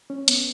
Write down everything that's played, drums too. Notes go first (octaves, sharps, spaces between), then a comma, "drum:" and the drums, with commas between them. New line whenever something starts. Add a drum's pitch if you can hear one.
C#4
B3, drum: hi-hat